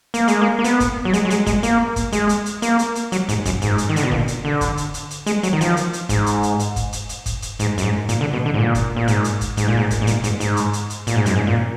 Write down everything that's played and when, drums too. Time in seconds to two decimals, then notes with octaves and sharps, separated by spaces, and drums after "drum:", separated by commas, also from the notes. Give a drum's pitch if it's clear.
0.14 A#3, drum: hi-hat
0.28 G#3, drum: hi-hat
0.42 A#3
0.59 A#3
0.64 B3, drum: hi-hat
0.80 drum: kick F#1, hi-hat
1.05 F#3
1.13 G#3, drum: hi-hat
1.25 F#3
1.30 G#3, drum: hi-hat
1.46 G#3, drum: kick F#1, hi-hat
1.63 A#3, drum: hi-hat
1.96 drum: kick F#1, hi-hat
2.12 G#3, drum: hi-hat
2.29 drum: hi-hat
2.46 drum: hi-hat
2.62 A#3, drum: hi-hat
2.79 drum: hi-hat
2.95 drum: hi-hat
3.12 F#3, drum: hi-hat
3.29 G#2, drum: hi-hat
3.45 F#2, drum: kick F#1, hi-hat
3.62 G#2, drum: hi-hat
3.78 drum: hi-hat
3.89 D#3
3.96 D3, drum: hi-hat
4.03 B2
4.11 A#2, drum: kick F#1
4.28 drum: hi-hat
4.45 D3
4.61 drum: kick F#1, hi-hat
4.77 drum: hi-hat
4.94 drum: hi-hat
5.11 drum: hi-hat
5.26 G#3, drum: hi-hat
5.43 F#3, drum: hi-hat
5.53 D#3
5.61 F3, drum: hi-hat
5.77 drum: hi-hat
5.93 drum: hi-hat
6.09 G#2, drum: kick F#1, hi-hat
6.26 drum: hi-hat
6.43 drum: hi-hat
6.59 drum: hi-hat
6.76 drum: kick F#1, hi-hat
6.93 drum: hi-hat
7.09 drum: hi-hat
7.26 drum: kick F#1, hi-hat
7.42 drum: hi-hat
7.59 G#2, drum: hi-hat
7.78 F#2, drum: hi-hat
7.83 G#2
8.09 A#2, drum: hi-hat
8.21 D3
8.33 B2
8.46 D3
8.54 G#2
8.59 A#2
8.75 drum: kick F#1, hi-hat
8.97 A#2
9.08 G#2, drum: hi-hat
9.24 drum: hi-hat
9.41 drum: kick F#1, hi-hat
9.57 G#2, drum: hi-hat
9.68 A#2
9.77 G#2
9.91 drum: kick F#1, hi-hat
10.02 G#2
10.07 A#2, drum: hi-hat
10.24 G#2, drum: hi-hat
10.40 G#2, drum: hi-hat
10.57 drum: hi-hat
10.73 drum: hi-hat
10.90 drum: hi-hat
11.07 A#2, drum: hi-hat
11.16 G#2
11.26 F#2, drum: hi-hat
11.36 G#2
11.47 A#2